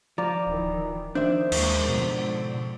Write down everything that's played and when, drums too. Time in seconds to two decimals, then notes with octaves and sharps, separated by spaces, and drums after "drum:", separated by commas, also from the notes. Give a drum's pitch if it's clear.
0.18 F3 D5 A#5 D6
0.47 D1 D#3 E3
1.15 D#3 F3 D4 C5 E5
1.52 D#2 E3 G#3 A#3, drum: cymbal
1.88 G#2 B2 D3 F3